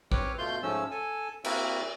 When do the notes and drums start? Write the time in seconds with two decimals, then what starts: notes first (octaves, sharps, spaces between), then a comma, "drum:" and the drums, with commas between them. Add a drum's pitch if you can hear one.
0.12 C4 B4 C#5 D6 F6, drum: kick
0.38 B2 A3 F4 C6 G6
0.63 G#2 F3 A3 C#4 E6
0.91 A4 G#5 A5
1.44 A#3 C4 E4 F#4 A#4 E5, drum: cymbal